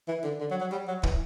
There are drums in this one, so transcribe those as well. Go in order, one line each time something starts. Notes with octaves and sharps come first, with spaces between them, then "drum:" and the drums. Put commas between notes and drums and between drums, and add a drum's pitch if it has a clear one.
E3
D3
D3
F#3
F#3
G3
F#3
E3, drum: kick